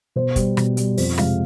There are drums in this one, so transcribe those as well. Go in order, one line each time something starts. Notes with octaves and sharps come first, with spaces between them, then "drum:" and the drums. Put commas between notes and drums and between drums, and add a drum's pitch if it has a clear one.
B2 C5
G3, drum: kick, hi-hat
B2, drum: rim click
G3, drum: hi-hat
F2 C5, drum: open hi-hat
C3 F3 G#3 F5, drum: rim click